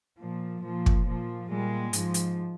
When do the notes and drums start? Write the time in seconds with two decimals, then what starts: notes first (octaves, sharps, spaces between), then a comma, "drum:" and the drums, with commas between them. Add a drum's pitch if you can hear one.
0.18 A#2 F3
0.62 A#2 F3
0.86 drum: kick
1.05 A#2 F3
1.49 A#2 G3 G#3
1.93 G#2 F3, drum: hi-hat
2.14 drum: hi-hat